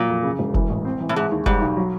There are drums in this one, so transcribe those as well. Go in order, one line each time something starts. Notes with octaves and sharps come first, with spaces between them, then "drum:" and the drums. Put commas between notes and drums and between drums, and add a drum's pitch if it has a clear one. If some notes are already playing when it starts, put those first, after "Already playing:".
Already playing: A#2 F#3
F2
C#3
E1
E3, drum: kick F1
A1
C4
E3
A2
G#2 G#3
D#2
G#2 G3, drum: kick F1
B1
F#3